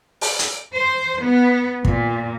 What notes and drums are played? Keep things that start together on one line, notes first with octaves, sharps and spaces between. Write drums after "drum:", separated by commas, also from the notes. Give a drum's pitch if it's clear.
drum: open hi-hat
drum: hi-hat
C5
B3
A#2, drum: kick